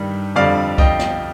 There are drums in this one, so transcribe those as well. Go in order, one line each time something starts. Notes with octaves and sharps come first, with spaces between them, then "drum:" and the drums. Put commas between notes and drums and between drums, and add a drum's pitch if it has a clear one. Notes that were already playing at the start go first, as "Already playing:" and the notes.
Already playing: G2 D#3 G3
F2 D3 G3 D5 F5
D#5 G5, drum: kick B1
drum: snare